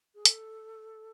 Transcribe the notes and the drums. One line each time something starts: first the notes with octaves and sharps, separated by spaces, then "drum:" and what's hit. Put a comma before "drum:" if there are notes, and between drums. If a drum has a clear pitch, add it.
G#4
A4, drum: hi-hat